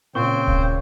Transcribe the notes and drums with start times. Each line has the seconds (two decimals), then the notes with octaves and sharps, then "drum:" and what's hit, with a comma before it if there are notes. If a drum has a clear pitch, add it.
0.15 A#2 C#3 C4 C5 C#6
0.48 drum: kick D1